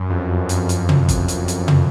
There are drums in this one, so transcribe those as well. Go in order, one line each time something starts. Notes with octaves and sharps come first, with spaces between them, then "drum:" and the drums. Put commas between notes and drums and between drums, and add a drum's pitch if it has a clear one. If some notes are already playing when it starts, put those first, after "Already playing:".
Already playing: F#2
F2
F#2, drum: hi-hat
drum: hi-hat
drum: tom
drum: kick G1, hi-hat
drum: hi-hat
drum: hi-hat
drum: tom